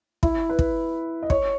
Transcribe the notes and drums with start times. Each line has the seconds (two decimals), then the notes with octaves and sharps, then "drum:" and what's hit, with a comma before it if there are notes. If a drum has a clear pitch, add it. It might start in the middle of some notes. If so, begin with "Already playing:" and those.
0.23 E4, drum: kick
0.49 B4
0.59 drum: kick
1.23 D#5
1.30 C#5, drum: kick